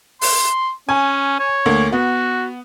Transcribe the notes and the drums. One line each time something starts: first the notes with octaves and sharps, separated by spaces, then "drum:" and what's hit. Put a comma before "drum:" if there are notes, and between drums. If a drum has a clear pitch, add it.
C6, drum: open hi-hat
C#4 G#5
C#5
D2 A#3
B3 F#4